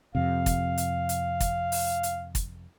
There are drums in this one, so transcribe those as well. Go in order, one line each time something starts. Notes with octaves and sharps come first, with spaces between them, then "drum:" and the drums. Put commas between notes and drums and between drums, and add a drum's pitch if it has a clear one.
F2 C3 F5
drum: kick, hi-hat
drum: hi-hat
drum: hi-hat
drum: kick, hi-hat
drum: open hi-hat
drum: hi-hat
drum: kick, hi-hat